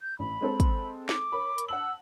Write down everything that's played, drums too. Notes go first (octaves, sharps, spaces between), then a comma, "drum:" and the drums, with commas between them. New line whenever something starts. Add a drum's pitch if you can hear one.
G6
A1 B5
G#3 C4 A4
drum: kick, hi-hat
D6, drum: snare
A#4 C#5 B5
drum: hi-hat
F#5 A5 E6 F#7